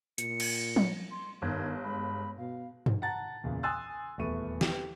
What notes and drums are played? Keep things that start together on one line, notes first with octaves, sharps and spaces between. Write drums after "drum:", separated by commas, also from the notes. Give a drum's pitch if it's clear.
A#2 C#7, drum: hi-hat
drum: cymbal
drum: tom F3
C6
G1 D#3 G#6
G#3 B5
B2 F5
drum: tom G2
F#5 A5 A#5 A6
E2 A#2 C#3
G#5 C6 D#6 E6 F#6 A6
D#1 E2 A3 B3 C#6 D#7
G4, drum: snare